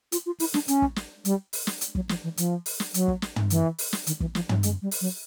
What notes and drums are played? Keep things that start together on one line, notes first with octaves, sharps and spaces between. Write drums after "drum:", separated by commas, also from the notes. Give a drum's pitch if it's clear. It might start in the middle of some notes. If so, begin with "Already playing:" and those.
F4, drum: hi-hat
F4
E4, drum: open hi-hat
D4, drum: snare
C#4, drum: hi-hat
drum: kick
drum: snare
G3, drum: hi-hat
drum: open hi-hat
drum: snare
drum: hi-hat
F#3, drum: kick
F3, drum: snare
E3
F3, drum: hi-hat
drum: open hi-hat
drum: snare
F#3, drum: hi-hat
drum: kick
drum: snare
drum: tom
E3, drum: hi-hat
drum: open hi-hat
drum: snare
D#3, drum: hi-hat
E3, drum: kick
F3, drum: snare
F#3, drum: tom
G#3, drum: hi-hat
G3
drum: open hi-hat
F#3